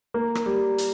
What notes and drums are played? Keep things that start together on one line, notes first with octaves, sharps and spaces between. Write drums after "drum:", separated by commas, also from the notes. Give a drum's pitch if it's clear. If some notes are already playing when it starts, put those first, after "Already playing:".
A#3
drum: rim click
G3
drum: hi-hat